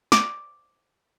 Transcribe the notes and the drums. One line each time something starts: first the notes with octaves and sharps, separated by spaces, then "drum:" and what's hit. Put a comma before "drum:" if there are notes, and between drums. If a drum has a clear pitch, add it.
D6, drum: snare